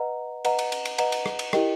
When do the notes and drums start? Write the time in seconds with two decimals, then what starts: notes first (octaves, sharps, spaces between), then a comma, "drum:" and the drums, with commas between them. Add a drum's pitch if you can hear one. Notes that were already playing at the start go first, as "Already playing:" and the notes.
Already playing: B4 D#5 F#5 A#5
0.45 B4 D#5 F#5 A#5, drum: cymbal
0.59 drum: cymbal
0.72 drum: cymbal
0.85 drum: cymbal
0.98 B4 D#5 F#5 A#5, drum: cymbal
1.12 drum: cymbal
1.26 drum: rim click
1.39 drum: cymbal
1.53 E4 G4 A#4 D#5 G5, drum: rim click